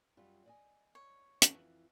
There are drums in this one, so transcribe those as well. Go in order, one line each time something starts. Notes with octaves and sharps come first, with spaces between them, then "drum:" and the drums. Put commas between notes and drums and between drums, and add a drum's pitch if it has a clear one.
F#2 G3 F4
D5 D#5 G#5
C#5
F2 E3, drum: hi-hat